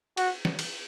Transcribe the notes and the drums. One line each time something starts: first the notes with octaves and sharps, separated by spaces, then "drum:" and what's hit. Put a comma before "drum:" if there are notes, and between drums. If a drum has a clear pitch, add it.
F#4, drum: cymbal
drum: snare
drum: cymbal